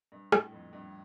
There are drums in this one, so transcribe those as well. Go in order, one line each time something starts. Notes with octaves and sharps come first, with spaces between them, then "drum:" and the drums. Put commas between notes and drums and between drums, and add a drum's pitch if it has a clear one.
G2
A2, drum: rim click
F2
G2